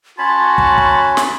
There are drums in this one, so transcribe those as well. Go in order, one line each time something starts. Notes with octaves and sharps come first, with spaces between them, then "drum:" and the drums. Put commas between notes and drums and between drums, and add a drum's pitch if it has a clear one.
C#4 F#4 C#5 A5 B5 C6
drum: kick
drum: kick
drum: snare